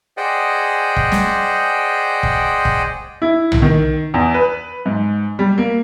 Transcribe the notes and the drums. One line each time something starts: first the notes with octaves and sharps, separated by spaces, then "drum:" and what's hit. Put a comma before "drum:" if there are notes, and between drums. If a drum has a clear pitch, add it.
G#4 C5 D5 D#5 F#5 G5
drum: kick
drum: snare
drum: kick
drum: kick
E4
drum: tom B1
D#3
E2
B4
G#2
G3
A#3